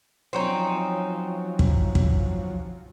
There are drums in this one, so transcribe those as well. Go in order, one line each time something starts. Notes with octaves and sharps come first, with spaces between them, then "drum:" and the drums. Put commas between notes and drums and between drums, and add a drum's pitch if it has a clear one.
F3 F#3 C4 C#4 D#4
drum: kick
drum: kick